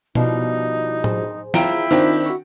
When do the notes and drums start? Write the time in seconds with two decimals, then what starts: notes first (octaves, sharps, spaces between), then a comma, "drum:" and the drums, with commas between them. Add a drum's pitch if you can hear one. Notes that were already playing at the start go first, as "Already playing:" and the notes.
0.15 B2 F3 G3 D#4 E4, drum: tom
1.04 G#4 C5, drum: tom
1.54 E4 F4 G5 A#5 D7, drum: snare
1.91 D#3 C4 D4 D#4 F4 C5 G5
2.26 F#4 C#6